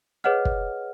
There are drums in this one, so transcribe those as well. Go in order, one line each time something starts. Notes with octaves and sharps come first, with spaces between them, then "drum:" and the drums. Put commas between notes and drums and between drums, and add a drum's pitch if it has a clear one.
G#4 B4 C#5 D#5 F#5 F6
drum: kick